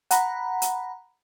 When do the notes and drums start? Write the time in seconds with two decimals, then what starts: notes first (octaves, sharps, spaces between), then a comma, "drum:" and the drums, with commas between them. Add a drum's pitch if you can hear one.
0.11 F#5 A#5 B5, drum: hi-hat
0.62 drum: hi-hat